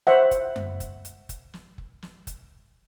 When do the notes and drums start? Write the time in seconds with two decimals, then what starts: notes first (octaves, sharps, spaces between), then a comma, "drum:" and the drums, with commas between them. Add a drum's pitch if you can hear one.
0.07 C5 E5 F#5, drum: snare
0.31 drum: kick, hi-hat
0.56 drum: tom F#2
0.80 drum: kick, hi-hat
1.05 drum: hi-hat
1.29 drum: kick, hi-hat
1.54 drum: snare
1.78 drum: kick
2.02 drum: snare
2.27 drum: kick, hi-hat